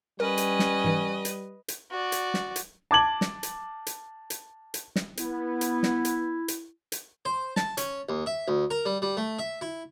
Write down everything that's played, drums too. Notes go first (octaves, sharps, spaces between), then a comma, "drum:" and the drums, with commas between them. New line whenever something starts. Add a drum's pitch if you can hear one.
G3 C#4 A#4 B4 D#5
drum: hi-hat
drum: snare
G#2 E3
drum: hi-hat
drum: hi-hat
F#4 D5
drum: hi-hat
drum: snare
drum: hi-hat
A5 D6 G#6 F#7
drum: snare
drum: hi-hat
drum: hi-hat
drum: hi-hat
drum: hi-hat
drum: snare
B3 E4, drum: hi-hat
drum: hi-hat
drum: snare
drum: hi-hat
drum: hi-hat
drum: hi-hat
C5
A5, drum: snare
C#4, drum: hi-hat
D#2
E5
D2
A#4
G3
G3
A3
E5
E4